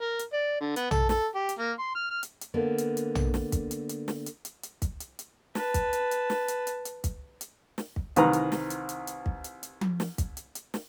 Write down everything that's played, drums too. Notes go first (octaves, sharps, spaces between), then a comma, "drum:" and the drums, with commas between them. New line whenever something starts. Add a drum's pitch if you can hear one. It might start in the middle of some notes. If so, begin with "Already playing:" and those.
A#4
drum: hi-hat
D5
D3
B3, drum: hi-hat
A4, drum: tom
A4, drum: snare
G4
drum: hi-hat
A#3
C6
F6
F6
drum: hi-hat
drum: hi-hat
D3 A#3 B3
drum: hi-hat
drum: hi-hat
drum: tom
drum: snare
drum: kick, hi-hat
drum: hi-hat
drum: hi-hat
drum: snare
drum: hi-hat
drum: hi-hat
drum: hi-hat
drum: kick, hi-hat
drum: hi-hat
drum: hi-hat
B4 A5, drum: snare
drum: kick, hi-hat
drum: hi-hat
drum: hi-hat
drum: snare
drum: hi-hat
drum: hi-hat
drum: hi-hat
drum: kick, hi-hat
drum: hi-hat
drum: snare
drum: kick
C2 D#3 E3 B4 A#5, drum: hi-hat
drum: hi-hat
drum: snare
drum: hi-hat
drum: hi-hat
drum: hi-hat
drum: kick
drum: hi-hat
drum: hi-hat
drum: tom F3
drum: snare
drum: kick, hi-hat
drum: hi-hat
drum: hi-hat
drum: snare